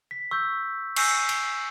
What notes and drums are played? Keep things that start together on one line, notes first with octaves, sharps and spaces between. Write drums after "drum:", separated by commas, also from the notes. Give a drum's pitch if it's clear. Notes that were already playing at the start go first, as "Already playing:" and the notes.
B6
C#6 E6 G6
G#5 C#6 E6 G6 C7, drum: cymbal
D7, drum: cymbal